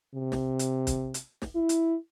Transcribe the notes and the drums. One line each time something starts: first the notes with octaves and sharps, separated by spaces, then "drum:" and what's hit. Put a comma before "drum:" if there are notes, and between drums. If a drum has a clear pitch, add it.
C3
drum: snare
drum: hi-hat
drum: kick, hi-hat
drum: hi-hat
drum: snare
E4
drum: hi-hat